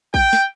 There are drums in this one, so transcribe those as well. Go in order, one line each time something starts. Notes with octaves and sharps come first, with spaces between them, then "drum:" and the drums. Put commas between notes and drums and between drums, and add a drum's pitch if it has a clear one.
G5, drum: kick
drum: snare